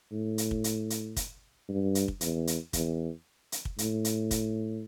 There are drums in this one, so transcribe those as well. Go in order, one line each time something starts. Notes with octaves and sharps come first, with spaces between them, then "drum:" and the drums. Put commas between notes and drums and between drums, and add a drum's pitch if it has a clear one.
A2
drum: hi-hat
drum: kick
drum: hi-hat
drum: hi-hat
drum: kick, hi-hat
G2
drum: hi-hat
drum: kick
E2, drum: hi-hat
drum: hi-hat
E2, drum: kick, hi-hat
drum: hi-hat
drum: kick
A2, drum: hi-hat
drum: hi-hat
drum: kick, hi-hat